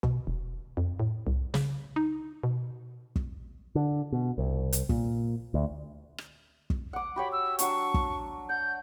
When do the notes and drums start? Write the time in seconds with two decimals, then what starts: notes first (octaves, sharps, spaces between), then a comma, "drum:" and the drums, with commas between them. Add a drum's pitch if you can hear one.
0.03 B2, drum: kick
0.27 E1
0.77 F2
1.00 A2
1.27 C2
1.54 C#3, drum: snare
1.96 D#4
2.43 B2
3.16 drum: kick
3.75 D3
4.12 B2
4.38 C2
4.73 drum: hi-hat
4.89 A#2, drum: kick
5.54 D2
6.18 drum: rim click
6.70 drum: kick
6.93 F#5 D6
7.16 F#4 G4 C#5 B5
7.32 E6
7.59 F#3 D4 A5 C#6, drum: hi-hat
7.94 drum: kick
8.49 F#5 G6